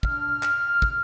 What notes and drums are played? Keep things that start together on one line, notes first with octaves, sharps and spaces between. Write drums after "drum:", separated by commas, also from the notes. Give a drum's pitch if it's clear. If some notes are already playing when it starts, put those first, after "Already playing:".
D4 F6, drum: kick
drum: clap
drum: kick